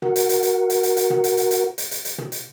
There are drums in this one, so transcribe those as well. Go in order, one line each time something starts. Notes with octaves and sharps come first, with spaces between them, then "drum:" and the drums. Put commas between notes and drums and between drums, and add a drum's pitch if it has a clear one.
F#4 A#4 F#5, drum: tom
drum: hi-hat
drum: hi-hat
drum: hi-hat
drum: hi-hat
drum: hi-hat
drum: hi-hat
drum: tom
drum: hi-hat
drum: hi-hat
drum: hi-hat
drum: hi-hat
drum: hi-hat
drum: hi-hat
drum: tom
drum: hi-hat